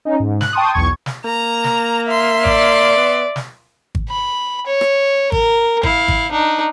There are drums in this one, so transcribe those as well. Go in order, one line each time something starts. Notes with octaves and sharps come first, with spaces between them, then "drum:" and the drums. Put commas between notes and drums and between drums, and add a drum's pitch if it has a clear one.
C#4 D#4
G#2
F#6, drum: snare
G5 A5 C6 C#6 D#6
B1 E2 C#6 G#6
drum: snare
A#3 A#5
drum: snare
E5 C6
D5, drum: kick G#1
B3
drum: snare
drum: kick G#1
B5
C#5
drum: rim click
A#4, drum: kick G#1
E4 F5, drum: kick G#1
drum: kick G#1
D4 D#4